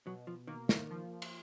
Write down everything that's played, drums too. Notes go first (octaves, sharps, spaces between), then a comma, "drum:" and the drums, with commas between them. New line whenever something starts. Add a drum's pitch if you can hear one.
B2 F#3
F3
D#3 A#3
D#3, drum: snare
F3
drum: cymbal